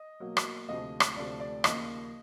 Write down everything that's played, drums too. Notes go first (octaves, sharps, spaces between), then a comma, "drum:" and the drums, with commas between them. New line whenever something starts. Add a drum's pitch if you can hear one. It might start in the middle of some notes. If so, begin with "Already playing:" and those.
Already playing: D#5
B2 F#3 A#3
drum: rim click
D2 C3 F3 A3 D#5
drum: rim click
D2 C3 F3 A3 D5
D5
D#2 C#3 F3 A#3 D#5, drum: rim click